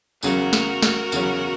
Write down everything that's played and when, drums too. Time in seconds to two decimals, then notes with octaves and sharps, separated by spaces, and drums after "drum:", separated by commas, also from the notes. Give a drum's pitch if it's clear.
0.23 E2 C#3 F#3 C#4 F#4 A#4, drum: tambourine
0.53 drum: snare
0.82 drum: snare
1.12 E2 C#3 F#3 C#4, drum: tambourine